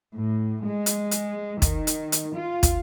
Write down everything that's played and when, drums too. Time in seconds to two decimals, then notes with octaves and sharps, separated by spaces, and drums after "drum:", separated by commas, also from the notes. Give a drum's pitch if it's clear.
0.15 A2
0.64 G#3
0.86 drum: hi-hat
1.11 drum: hi-hat
1.62 D#3, drum: kick, hi-hat
1.87 drum: hi-hat
2.12 drum: hi-hat
2.36 F4
2.63 drum: kick, hi-hat